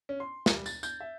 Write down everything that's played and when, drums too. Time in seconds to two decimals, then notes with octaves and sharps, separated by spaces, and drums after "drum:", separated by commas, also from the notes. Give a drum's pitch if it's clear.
0.09 C#4
0.20 C6
0.46 G3, drum: snare
0.66 A6, drum: tambourine
0.83 G6, drum: tambourine
1.00 E5